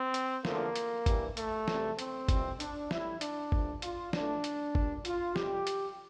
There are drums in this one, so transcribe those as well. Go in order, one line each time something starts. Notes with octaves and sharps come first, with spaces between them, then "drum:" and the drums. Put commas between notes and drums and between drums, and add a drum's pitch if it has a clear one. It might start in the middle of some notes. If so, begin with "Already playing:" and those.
Already playing: C4
drum: hi-hat
E2 D3 F3 A3 A#3, drum: snare
drum: hi-hat
G2 E3 G3, drum: kick G1, hi-hat
A3, drum: hi-hat
E2 C3 G3, drum: snare
C4, drum: hi-hat
F2 C3 E3 G3, drum: kick G1, hi-hat
D4, drum: hi-hat
A2 G3 E4, drum: snare
D4, drum: hi-hat
G2 F3 A3, drum: kick G1
F4, drum: hi-hat
A2 E3 A3 D4, drum: snare
drum: hi-hat
A#2 G3, drum: kick G1
F4, drum: hi-hat
F2 C3 G3 G4, drum: snare
drum: hi-hat